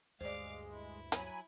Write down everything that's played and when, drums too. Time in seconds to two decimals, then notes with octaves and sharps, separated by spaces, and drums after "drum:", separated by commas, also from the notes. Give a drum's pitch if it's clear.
0.21 D2 G2 G#3 C5 D5 F5 D6
0.70 E4
1.12 F#3 G#5 B5, drum: hi-hat